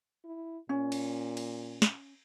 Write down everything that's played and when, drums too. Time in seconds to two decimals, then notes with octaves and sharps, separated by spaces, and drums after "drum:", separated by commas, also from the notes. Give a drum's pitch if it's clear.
0.24 E4
0.69 A#2 C#4
0.92 drum: cymbal
1.37 drum: cymbal
1.82 drum: snare